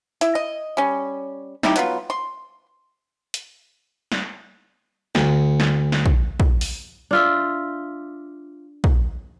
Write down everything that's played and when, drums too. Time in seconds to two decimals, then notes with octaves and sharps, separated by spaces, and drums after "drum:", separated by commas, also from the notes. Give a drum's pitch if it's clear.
0.21 E4, drum: hi-hat
0.35 D#5
0.77 G3 C#4
1.63 D#4 E4 G4, drum: snare
1.76 F#3 B3 F4, drum: hi-hat
2.10 C6
3.34 drum: hi-hat
4.12 drum: snare
5.15 D2, drum: snare
5.60 drum: snare
5.92 drum: snare
6.06 drum: kick
6.40 drum: kick
6.61 drum: open hi-hat
7.11 D4 F4 E5
8.84 drum: kick